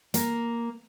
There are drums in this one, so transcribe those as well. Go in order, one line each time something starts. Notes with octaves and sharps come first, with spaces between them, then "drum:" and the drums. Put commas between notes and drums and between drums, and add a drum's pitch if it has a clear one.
A#3, drum: hi-hat